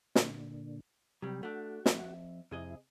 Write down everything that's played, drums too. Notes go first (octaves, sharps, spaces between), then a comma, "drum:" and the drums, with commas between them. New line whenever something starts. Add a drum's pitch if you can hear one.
A#2 D3, drum: snare
C3 F#3 G3 G4
A3 D4 F#4
F2 E5, drum: snare
F2 C3 E4 G#4 D#5